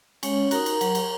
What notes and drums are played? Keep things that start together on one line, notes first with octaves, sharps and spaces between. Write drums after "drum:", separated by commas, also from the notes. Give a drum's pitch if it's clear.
G#3 C#4 C#5, drum: cymbal
D#4 F#4 A#4 A#5, drum: cymbal
drum: cymbal
F#3, drum: cymbal
drum: cymbal